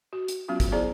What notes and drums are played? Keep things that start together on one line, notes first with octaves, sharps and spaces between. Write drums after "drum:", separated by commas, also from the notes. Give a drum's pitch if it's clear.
F#4
drum: hi-hat
F#3 B3 C#4 F4 F#4
drum: kick, hi-hat
B3 E4 G#4 C5 D5 A#5